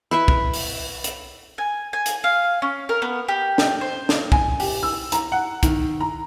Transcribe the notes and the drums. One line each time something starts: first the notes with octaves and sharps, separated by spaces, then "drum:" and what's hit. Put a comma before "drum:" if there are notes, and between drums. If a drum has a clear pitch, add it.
E4 B4 E5
drum: kick
drum: open hi-hat
drum: hi-hat
G#5
G#5
drum: hi-hat
F5
C#4
A#4
B3
G4
drum: snare
C5
drum: snare
G#5, drum: kick
G4, drum: open hi-hat
E6
A#5, drum: hi-hat
F#5
D#3, drum: kick, hi-hat
A#5